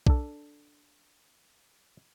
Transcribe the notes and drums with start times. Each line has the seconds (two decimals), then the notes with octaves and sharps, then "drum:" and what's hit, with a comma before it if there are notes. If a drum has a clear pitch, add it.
0.06 D4 A4, drum: kick B1